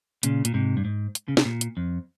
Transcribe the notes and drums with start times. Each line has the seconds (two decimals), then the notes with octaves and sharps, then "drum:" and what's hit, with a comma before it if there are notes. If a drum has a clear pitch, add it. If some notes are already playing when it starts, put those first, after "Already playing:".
0.23 A#2 C#3, drum: hi-hat
0.45 A#2, drum: hi-hat
0.54 G#2 C3
0.77 G2
0.85 G#2
1.15 drum: hi-hat
1.28 C#3
1.37 C3, drum: snare
1.45 A#2
1.61 drum: hi-hat
1.77 F2